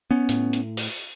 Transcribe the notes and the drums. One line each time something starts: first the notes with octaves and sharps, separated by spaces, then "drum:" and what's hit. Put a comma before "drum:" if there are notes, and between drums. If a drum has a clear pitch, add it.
B3 C#4
A2, drum: hi-hat
drum: hi-hat
drum: open hi-hat